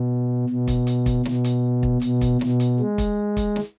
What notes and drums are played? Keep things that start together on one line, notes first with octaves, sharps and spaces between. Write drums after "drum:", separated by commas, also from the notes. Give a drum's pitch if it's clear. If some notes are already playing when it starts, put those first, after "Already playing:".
Already playing: B2
B2
drum: kick, hi-hat
drum: hi-hat
drum: kick, hi-hat
B2, drum: snare
drum: hi-hat
drum: kick
B2, drum: hi-hat
drum: kick, hi-hat
B2, drum: snare
drum: hi-hat
G#3
drum: kick, hi-hat
drum: kick, hi-hat
drum: snare